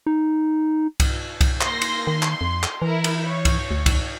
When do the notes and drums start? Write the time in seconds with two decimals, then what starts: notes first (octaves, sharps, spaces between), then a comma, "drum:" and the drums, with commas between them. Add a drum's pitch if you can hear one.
0.06 D#4
1.00 drum: kick C2, cymbal
1.41 drum: kick C2, cymbal
1.61 A#3 C6 A#6, drum: clap
1.81 drum: cymbal
2.07 D#3 C6
2.22 drum: clap
2.41 F2
2.63 drum: clap
2.82 E3 E4 A#4
3.04 drum: cymbal
3.28 C#5
3.45 drum: kick C2, cymbal
3.71 D2
3.86 drum: kick C2, cymbal